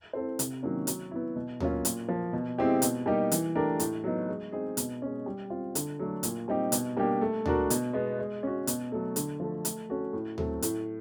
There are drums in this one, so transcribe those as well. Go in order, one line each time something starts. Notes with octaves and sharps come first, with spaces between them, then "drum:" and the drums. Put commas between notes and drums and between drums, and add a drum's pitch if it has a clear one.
C4 E4 A4 C5
C3, drum: hi-hat
D#3 F#3 A#3 C#4
F#3, drum: hi-hat
B3 E4
B2
F#3 A#3 C#4 F4, drum: tom D2
A#2, drum: hi-hat
F3 A#3
B2
G#3 C4 E4 G4
B2, drum: hi-hat
G3 A#3 D#4 G4
E3, drum: hi-hat
A3 D4 G4 A#4
A2, drum: hi-hat
F#3 B3 D#4
G#3
C4 D#4 G#4
B2, drum: hi-hat
G#3 C#4
G3
C4 F4
D3, drum: hi-hat
F#3 A3 D4
A#2, drum: hi-hat
G3 C4 D#4 G4
B2, drum: hi-hat
G3 A#3 D4 G4
A3
D4 F#4 A#4, drum: tom D2
B2, drum: hi-hat
G#3 B3
G#3
C#4 F#4
B2, drum: hi-hat
F#3 A3
D3, drum: hi-hat
F3 A3
A3, drum: hi-hat
C#4 F#4 A4
A2
F#3 A3 C4 E4, drum: tom D2
A2, drum: hi-hat